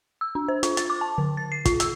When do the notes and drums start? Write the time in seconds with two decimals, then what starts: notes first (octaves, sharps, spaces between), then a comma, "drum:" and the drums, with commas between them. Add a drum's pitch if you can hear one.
0.21 E6
0.35 D4
0.48 C5
0.63 F4, drum: hi-hat
0.77 A6, drum: hi-hat
0.90 D6
1.01 A5
1.18 D3
1.37 A6
1.52 C7
1.65 F4, drum: kick, hi-hat
1.80 E6, drum: hi-hat